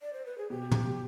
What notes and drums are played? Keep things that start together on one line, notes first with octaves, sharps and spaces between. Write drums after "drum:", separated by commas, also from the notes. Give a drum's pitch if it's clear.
D5
C5
B4
G#4
B2 G4
drum: tom